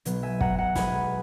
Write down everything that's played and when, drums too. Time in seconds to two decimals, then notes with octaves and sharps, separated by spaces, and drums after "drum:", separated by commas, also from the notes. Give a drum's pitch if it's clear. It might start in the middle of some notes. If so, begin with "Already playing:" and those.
0.05 B1 B2 F#3 B3, drum: hi-hat
0.23 E5 G#5
0.41 F#5 A#5, drum: kick
0.58 F#5 A#5
0.75 B1 B2 G#3 B3 G#5 B5, drum: snare